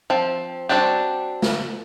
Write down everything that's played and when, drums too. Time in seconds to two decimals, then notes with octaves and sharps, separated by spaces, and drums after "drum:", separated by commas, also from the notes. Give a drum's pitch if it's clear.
0.10 F3 C4
0.69 G3 C4 D4 F#4 G4
1.42 drum: snare